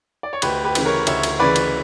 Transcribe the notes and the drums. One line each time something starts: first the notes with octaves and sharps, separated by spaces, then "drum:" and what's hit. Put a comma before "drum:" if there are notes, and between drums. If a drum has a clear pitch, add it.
D5
C#5
D2 G4 B4, drum: cymbal
G4 B4
C#3 E3, drum: cymbal
A#4 C#5
D2 C#5 E5, drum: cymbal
drum: cymbal
C#3 E3 B4 D5
drum: cymbal